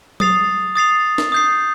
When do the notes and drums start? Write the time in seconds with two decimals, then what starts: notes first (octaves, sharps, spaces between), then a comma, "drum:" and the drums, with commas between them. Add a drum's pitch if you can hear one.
0.20 D#6 A6 C7 F7, drum: tom F#3
0.75 D#6 A6 C7 F7
1.18 drum: snare
1.32 D#6 G6 C7